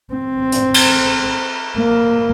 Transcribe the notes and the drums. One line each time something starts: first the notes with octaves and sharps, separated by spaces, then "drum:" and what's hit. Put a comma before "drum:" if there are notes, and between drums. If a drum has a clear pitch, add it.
C4
drum: hi-hat
drum: cymbal
A#3